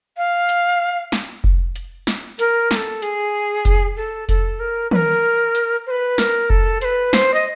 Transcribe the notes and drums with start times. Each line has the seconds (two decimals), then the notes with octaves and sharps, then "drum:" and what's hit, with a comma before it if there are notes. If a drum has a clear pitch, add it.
0.17 F5
0.49 drum: hi-hat
1.12 drum: snare
1.44 drum: kick F1
1.75 drum: hi-hat
2.07 drum: snare
2.39 A#4, drum: hi-hat
2.71 A#4, drum: snare
2.76 A4
3.02 G#4, drum: hi-hat
3.65 drum: kick F1, hi-hat
3.97 A4
4.29 A4, drum: kick F1, hi-hat
4.60 A#4
4.91 B4, drum: tom
4.96 A#4
5.55 drum: hi-hat
5.86 C5
5.91 B4
6.18 A#4, drum: snare
6.50 A4, drum: kick F1
6.81 C5, drum: hi-hat
6.85 B4
7.13 C5, drum: snare
7.34 D#5